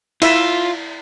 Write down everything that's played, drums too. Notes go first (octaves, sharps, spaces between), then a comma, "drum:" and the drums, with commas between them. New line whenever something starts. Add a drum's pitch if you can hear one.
E4 F4 E5, drum: cymbal